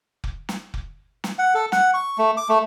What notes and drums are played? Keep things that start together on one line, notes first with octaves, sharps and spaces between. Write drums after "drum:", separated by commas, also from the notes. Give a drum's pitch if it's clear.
drum: kick F1
drum: snare
drum: kick F1
drum: snare
F#5
A4
F#5, drum: snare
C#6
A3
D6
A3